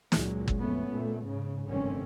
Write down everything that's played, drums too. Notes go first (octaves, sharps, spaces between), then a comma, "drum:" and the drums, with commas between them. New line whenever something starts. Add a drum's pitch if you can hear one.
C#2 A#2 F#3 G#3, drum: snare
drum: kick G1
F2 A3 B3 C#4
A#2 A3
G#2 C#3
F1 G2 D3 D#3 C4 C#4